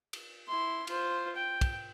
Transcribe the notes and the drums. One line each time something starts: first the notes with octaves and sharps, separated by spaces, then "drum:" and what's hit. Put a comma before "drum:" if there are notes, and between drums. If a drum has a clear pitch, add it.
drum: cymbal
E4 C6
F4 C5, drum: cymbal
G5
drum: kick, cymbal